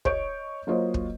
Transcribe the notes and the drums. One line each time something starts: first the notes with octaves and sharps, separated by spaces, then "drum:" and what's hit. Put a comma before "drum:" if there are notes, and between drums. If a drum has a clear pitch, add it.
C#5 D#5 C#6 G6 D7, drum: kick
F#3 A#3 F4 C5 C#5 D#5
drum: kick